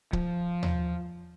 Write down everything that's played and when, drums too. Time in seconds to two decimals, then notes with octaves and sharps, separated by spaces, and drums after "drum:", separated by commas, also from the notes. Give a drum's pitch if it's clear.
0.13 F3, drum: kick C#1
0.63 drum: tom D#2